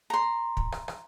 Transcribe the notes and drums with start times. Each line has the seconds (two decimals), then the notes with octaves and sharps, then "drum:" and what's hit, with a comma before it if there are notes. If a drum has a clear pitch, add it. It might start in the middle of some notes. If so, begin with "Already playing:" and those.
0.10 A#5 C6
0.57 drum: kick
0.72 drum: rim click
0.88 drum: rim click